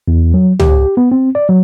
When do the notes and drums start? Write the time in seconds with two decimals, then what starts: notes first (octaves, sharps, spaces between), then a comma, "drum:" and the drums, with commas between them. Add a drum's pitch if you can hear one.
0.08 E2
0.34 F#3
0.60 G4, drum: tom C#2
0.97 B3
1.12 C4
1.35 D5
1.49 F#3